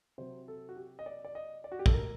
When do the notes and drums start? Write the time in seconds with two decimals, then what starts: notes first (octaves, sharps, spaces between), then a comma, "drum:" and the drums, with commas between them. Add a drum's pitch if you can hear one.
0.18 C3 F#3 C5
0.48 A4
0.69 F#4
0.77 G4
0.99 D#5
1.06 D5
1.25 D5
1.35 D#5
1.64 D5
1.72 F#4
1.79 G4
1.86 A4, drum: kick
1.93 A#4